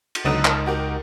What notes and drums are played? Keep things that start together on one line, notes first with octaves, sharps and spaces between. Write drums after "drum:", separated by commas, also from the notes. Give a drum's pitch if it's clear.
drum: cymbal
C#2 D3 F#3 B3 D#4 D#6
A#4 A5, drum: clap
F#4 G4 A#4